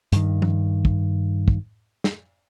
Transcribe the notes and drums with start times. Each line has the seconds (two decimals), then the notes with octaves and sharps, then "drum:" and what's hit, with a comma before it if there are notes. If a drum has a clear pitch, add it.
0.12 G2 D#3, drum: hi-hat
0.42 drum: tom F3
0.85 drum: kick
1.48 drum: kick
2.04 drum: snare